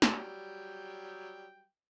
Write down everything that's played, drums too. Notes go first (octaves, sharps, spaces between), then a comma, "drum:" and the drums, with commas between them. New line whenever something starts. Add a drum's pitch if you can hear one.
F#3 G3 G5, drum: snare